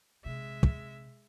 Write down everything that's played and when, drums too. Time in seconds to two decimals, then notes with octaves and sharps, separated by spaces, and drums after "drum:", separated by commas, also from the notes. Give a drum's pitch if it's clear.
0.24 A#1 C3 G#3 E5
0.63 drum: kick